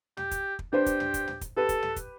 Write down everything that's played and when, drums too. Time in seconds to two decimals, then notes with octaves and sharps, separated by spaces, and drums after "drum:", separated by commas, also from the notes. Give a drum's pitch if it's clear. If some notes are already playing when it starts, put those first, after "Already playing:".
0.17 G4, drum: tom
0.31 drum: kick, hi-hat
0.59 drum: kick
0.73 D4 G4 B4 C5
0.86 drum: kick, hi-hat
1.00 drum: tom
1.14 drum: kick, hi-hat
1.28 drum: tom
1.41 drum: kick, hi-hat
1.57 G4 A4 B4
1.69 drum: kick, hi-hat
1.83 drum: tom
1.96 drum: kick, hi-hat